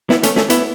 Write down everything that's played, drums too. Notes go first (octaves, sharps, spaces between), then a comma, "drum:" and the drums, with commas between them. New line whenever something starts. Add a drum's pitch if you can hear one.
B3 E4, drum: snare
A3 C#4, drum: hi-hat
A3 C#4, drum: snare
B3 E4, drum: hi-hat